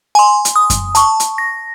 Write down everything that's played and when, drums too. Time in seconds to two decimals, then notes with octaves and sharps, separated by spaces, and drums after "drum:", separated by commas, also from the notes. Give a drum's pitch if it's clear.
0.15 G#5 C6
0.45 drum: hi-hat
0.56 D#6
0.70 drum: kick F#2, hi-hat
0.95 A5 C#6, drum: hi-hat
1.20 drum: hi-hat
1.38 A#6